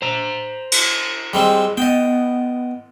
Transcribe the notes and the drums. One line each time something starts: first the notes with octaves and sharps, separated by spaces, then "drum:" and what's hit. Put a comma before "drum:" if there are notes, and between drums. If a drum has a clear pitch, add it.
C5 A#5
drum: cymbal
G3 G#3 C4
B3 D#5 G5